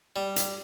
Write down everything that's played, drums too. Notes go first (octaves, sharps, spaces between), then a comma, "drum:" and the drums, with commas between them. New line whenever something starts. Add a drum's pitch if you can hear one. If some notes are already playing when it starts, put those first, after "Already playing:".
G3
drum: hi-hat